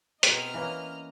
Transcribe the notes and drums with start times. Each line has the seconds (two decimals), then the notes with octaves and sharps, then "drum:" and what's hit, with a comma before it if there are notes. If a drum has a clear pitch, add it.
0.23 B2 C4 D#5 A#5 F6, drum: hi-hat
0.54 E3 A#3 C#4